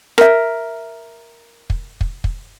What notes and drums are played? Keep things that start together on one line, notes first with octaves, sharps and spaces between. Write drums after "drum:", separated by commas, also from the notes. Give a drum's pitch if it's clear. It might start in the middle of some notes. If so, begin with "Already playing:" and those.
A#4 E5, drum: rim click
drum: kick
drum: kick
drum: kick